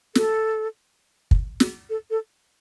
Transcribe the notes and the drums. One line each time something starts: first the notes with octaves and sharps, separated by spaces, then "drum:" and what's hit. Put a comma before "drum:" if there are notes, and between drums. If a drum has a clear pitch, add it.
A4, drum: snare
drum: kick
drum: snare
A4
A4